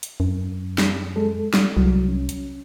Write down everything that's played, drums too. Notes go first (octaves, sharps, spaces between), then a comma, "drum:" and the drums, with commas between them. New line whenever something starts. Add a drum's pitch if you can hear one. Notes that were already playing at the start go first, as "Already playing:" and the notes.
drum: hi-hat
F#2
drum: snare
G#3 A4
drum: snare
C2 F#3
C#4
drum: hi-hat